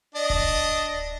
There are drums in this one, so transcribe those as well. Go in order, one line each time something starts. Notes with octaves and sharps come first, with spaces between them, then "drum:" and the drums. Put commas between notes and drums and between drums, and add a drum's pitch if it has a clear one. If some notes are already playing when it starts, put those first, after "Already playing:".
D4 D#5
drum: kick D1